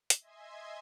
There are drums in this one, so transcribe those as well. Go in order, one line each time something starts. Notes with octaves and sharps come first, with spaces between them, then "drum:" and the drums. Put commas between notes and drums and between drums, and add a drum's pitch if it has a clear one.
drum: hi-hat
D#5 E5 G#5 C6 G#6